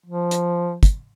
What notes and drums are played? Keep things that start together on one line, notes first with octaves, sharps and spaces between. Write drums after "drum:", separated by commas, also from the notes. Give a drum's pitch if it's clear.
F3
drum: hi-hat
drum: kick, hi-hat